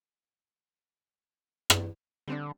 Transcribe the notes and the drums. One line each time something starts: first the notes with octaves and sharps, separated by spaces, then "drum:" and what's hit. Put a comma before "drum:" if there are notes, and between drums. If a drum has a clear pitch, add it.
drum: rim click
D3 G3 C4 D4